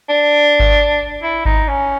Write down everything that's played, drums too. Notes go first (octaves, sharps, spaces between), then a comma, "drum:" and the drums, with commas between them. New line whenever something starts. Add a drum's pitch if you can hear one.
D4
drum: kick G#1
E4
D#4, drum: kick G#1
C#4